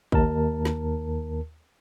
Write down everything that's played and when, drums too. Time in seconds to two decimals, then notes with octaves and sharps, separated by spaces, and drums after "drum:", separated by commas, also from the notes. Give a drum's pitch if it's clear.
0.12 D#2 A#4 A5, drum: kick
0.65 drum: snare